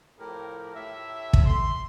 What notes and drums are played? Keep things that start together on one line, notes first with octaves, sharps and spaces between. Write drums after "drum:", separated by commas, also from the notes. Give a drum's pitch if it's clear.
A2 F3 G4 A#4
A2 A3 G4 E5
drum: kick
C6